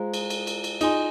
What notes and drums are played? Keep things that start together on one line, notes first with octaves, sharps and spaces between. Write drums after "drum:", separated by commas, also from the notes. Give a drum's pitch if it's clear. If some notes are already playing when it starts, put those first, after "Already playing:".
Already playing: G#3 F4 G#4 C5 F5 A#5
drum: cymbal
drum: cymbal
drum: cymbal
drum: cymbal
D#4 F4 G#4 D#5 G#5 C6, drum: cymbal